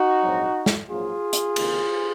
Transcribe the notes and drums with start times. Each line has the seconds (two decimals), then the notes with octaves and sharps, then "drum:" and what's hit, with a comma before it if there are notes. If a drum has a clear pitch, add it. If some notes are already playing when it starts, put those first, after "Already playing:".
Already playing: D#4 F#4
0.23 A#1 G#2 F#3 C4
0.66 drum: snare
0.89 A#1 G#2 F#3 A#3 F4 G#4
1.33 drum: hi-hat
1.56 C#2 C3 D#3 A#3, drum: cymbal